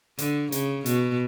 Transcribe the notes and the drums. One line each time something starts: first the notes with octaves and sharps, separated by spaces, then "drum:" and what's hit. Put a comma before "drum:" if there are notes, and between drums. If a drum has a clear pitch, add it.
D3, drum: hi-hat
C#3, drum: hi-hat
B2, drum: hi-hat